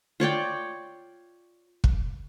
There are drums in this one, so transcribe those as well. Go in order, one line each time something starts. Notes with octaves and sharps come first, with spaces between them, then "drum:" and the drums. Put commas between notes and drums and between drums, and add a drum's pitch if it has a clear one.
F4 C#5 D5 G5
drum: kick